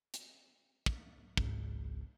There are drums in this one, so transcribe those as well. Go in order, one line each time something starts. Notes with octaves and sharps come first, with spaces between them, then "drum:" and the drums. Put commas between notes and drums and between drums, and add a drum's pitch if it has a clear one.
drum: hi-hat
drum: kick
G#1 C#2, drum: kick